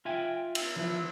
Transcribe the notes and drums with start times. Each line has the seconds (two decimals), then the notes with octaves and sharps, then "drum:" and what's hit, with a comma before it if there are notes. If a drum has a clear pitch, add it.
0.05 F4 E5 G5 G#5
0.55 E6, drum: cymbal
0.76 E3 F3